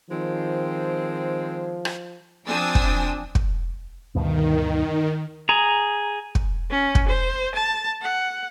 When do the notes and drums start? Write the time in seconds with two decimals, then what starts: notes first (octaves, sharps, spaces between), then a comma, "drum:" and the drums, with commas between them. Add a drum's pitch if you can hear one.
0.11 D#3 F3 G#3 C4
1.85 drum: rim click
2.48 F3 C4 D4 G#5 D#6 E6
2.75 drum: kick
3.35 drum: kick
4.15 D2 G2 B2 D#3
5.49 G#4 A#5
6.35 drum: kick
6.70 C#4
6.95 drum: kick
7.08 C5
7.55 A5
8.02 F#5